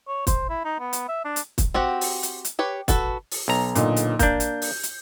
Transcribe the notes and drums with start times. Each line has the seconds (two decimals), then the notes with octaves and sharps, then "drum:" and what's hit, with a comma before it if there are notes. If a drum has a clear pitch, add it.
0.08 C#5
0.27 C5, drum: kick, hi-hat
0.50 E4
0.65 D#4
0.79 B3
0.93 drum: hi-hat
1.08 E5
1.25 D4
1.36 drum: hi-hat
1.58 drum: kick, hi-hat
1.74 C4 F#4 G4 F#5
2.01 drum: open hi-hat
2.23 drum: hi-hat
2.45 drum: hi-hat
2.59 G4 B4 C#5
2.88 F#4 A4 B4, drum: kick, hi-hat
3.31 drum: open hi-hat
3.48 B1 A#5
3.75 A#2 D3 D#4, drum: hi-hat
3.96 drum: hi-hat
4.19 A#3 D4 G6, drum: kick, hi-hat
4.40 drum: hi-hat
4.62 drum: open hi-hat
4.83 drum: hi-hat